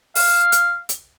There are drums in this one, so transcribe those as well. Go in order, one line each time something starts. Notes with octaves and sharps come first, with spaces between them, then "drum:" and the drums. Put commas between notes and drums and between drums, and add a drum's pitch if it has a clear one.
F5, drum: open hi-hat
drum: hi-hat
drum: hi-hat